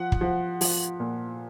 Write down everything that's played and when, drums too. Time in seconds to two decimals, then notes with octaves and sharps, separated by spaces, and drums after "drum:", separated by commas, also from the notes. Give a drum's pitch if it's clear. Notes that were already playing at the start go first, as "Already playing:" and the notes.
Already playing: F3 F#5
0.12 drum: kick
0.21 F3
0.61 F3, drum: open hi-hat
1.00 A#2